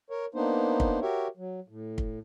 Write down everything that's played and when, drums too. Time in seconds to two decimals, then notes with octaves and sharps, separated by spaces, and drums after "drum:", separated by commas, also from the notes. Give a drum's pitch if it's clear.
0.10 A#4 C#5
0.35 A#3 B3 D4 D#4 C5
0.80 drum: kick
1.02 F#4 G4 A#4 C#5 E5
1.37 F#3
1.68 A2
1.98 drum: kick